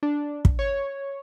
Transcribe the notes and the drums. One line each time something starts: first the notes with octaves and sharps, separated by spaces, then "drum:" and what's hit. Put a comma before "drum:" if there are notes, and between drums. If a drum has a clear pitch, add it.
D4
drum: kick
C#5